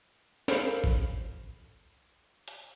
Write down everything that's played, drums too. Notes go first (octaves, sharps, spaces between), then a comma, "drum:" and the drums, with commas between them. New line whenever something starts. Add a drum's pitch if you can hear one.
A4 A#4 C5 F5 B5, drum: snare
drum: kick
drum: hi-hat